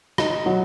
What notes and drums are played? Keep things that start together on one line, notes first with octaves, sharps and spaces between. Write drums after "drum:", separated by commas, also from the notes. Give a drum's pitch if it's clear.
D#4, drum: rim click
F#3